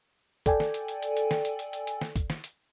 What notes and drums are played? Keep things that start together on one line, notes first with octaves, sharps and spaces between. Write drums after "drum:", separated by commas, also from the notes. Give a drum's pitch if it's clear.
A4 D5 G5 G#5, drum: kick G1, hi-hat
drum: snare
drum: hi-hat
drum: hi-hat
drum: hi-hat
drum: hi-hat
drum: snare
drum: hi-hat
drum: hi-hat
drum: hi-hat
drum: hi-hat
drum: snare
drum: kick G1, hi-hat
drum: snare
drum: hi-hat